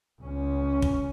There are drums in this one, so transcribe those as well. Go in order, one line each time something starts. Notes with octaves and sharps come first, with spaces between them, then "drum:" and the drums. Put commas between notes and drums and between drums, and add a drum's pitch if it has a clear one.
C#2 C#4
drum: kick